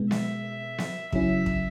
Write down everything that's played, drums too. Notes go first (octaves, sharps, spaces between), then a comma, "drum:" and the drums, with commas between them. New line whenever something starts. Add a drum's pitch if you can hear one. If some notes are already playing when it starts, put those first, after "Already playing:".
Already playing: B2 G#3 B3
E5, drum: snare B3
drum: snare B3
C#3 F#3 C#4 E4 E5, drum: kick
drum: kick